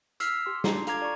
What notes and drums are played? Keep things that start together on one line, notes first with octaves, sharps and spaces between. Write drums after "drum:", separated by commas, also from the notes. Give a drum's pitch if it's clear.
E6 F6 B6 C7, drum: hi-hat
G4 C6
D4 F4 A#5 C7, drum: snare
A4 F5 A#5 D6 G#6, drum: hi-hat
D5 C#6